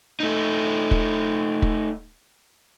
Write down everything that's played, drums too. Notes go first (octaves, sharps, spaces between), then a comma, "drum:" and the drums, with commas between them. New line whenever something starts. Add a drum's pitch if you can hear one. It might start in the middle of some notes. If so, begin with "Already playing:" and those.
A3 D#4
drum: kick
drum: kick